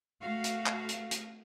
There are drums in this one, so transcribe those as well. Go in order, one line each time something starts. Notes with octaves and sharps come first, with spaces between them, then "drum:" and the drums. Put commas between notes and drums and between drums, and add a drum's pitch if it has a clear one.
A3 F#4 F5
drum: hi-hat
drum: clap
drum: hi-hat
drum: hi-hat